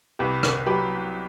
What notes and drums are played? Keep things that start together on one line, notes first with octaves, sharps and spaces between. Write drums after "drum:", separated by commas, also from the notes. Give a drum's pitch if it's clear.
C2 G4 B4
drum: rim click
F#3 G4 B4